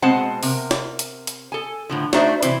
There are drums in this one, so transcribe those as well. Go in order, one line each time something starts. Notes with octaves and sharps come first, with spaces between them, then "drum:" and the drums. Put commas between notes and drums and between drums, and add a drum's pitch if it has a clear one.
B2 G#3 C4 C5 F#5 A5
C3 A#4, drum: open hi-hat
drum: snare
drum: hi-hat
drum: hi-hat
A4 G#5
A2 D3 F3
A3 D4 D#4 F#4 C5 E5, drum: snare
C3 E3 E4 C5, drum: hi-hat